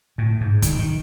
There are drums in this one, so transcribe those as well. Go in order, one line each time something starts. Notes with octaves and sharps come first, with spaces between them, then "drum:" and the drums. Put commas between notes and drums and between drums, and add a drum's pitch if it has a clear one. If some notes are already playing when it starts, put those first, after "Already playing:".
A2
G#2
D#3, drum: kick, hi-hat
D#3